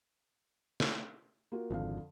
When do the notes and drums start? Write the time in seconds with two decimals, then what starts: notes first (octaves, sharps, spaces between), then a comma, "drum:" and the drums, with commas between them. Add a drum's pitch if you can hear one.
0.80 drum: snare
1.52 A#3 F4 F#4
1.71 G#1 F2 D3 F5